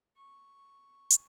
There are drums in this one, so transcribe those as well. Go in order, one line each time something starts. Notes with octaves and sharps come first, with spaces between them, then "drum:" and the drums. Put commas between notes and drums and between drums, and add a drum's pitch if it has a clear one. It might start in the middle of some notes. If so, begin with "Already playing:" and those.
C#6
drum: hi-hat